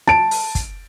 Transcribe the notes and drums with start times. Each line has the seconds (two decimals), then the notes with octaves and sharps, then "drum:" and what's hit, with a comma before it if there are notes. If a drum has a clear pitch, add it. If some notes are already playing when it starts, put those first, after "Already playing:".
0.07 A5 D7, drum: rim click
0.31 drum: open hi-hat
0.55 drum: kick, hi-hat